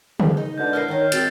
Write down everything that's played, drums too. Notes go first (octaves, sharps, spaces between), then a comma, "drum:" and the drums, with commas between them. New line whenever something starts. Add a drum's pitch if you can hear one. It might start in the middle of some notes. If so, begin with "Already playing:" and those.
G#4, drum: tom C#3
D#4 D#5
B2 D3 G#3 G6
E4 A4 A#4 D#5 F6 F#6 C7
D#3 C#4 A#4 D#5
A#2 E3 G#3 C4 F#4 A6, drum: hi-hat